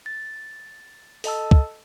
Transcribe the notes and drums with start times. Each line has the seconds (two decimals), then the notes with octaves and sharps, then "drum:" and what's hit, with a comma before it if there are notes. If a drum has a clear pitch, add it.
0.06 A6
1.24 A4 D#5 A5 E6, drum: open hi-hat
1.51 drum: kick